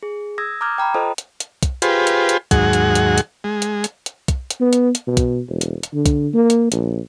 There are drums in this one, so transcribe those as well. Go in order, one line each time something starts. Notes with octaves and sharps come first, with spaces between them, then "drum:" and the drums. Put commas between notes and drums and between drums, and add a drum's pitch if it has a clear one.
G#4
D#6 E6 G#6 A#6
A#5 D6 D#6 F6 G6 G#6
G5 A#5 B5
F4 A4 C5 D#5 A5 D#6
drum: hi-hat
drum: hi-hat
drum: kick, hi-hat
F4 G4 G#4 B4 C5, drum: hi-hat
drum: hi-hat
drum: hi-hat
D#2 G#2 F#3 G#4 F#5, drum: kick, hi-hat
drum: hi-hat
drum: hi-hat
drum: hi-hat
G#3
drum: hi-hat
drum: hi-hat
drum: hi-hat
drum: kick, hi-hat
drum: hi-hat
B3
drum: hi-hat
drum: hi-hat
B2
drum: kick, hi-hat
E1
drum: hi-hat
drum: hi-hat
D3
drum: kick, hi-hat
A#3
drum: hi-hat
A#1, drum: hi-hat